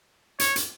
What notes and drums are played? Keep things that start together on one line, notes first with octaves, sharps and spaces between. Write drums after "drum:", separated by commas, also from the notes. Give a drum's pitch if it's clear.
C#5, drum: hi-hat
drum: hi-hat